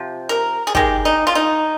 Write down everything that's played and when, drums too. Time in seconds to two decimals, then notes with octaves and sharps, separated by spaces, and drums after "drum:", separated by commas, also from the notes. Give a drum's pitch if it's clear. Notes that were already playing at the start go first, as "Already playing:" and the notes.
Already playing: C3 F3
0.29 A#4
0.67 G#4
0.75 D#3 G#3 G4, drum: kick
1.05 D#4
1.27 F4
1.35 D#4